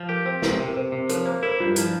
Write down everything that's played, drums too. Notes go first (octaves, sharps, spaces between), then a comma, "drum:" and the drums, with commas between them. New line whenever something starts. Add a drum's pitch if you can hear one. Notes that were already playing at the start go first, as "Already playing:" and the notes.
Already playing: F3
G4 A#4
C4 C5
C3 A#4, drum: snare
C3
A#4
C3 C5
C3
F3 A#4 C#5, drum: hi-hat
A#3 C5
E4 A#4
G2 F4
F3 E4, drum: hi-hat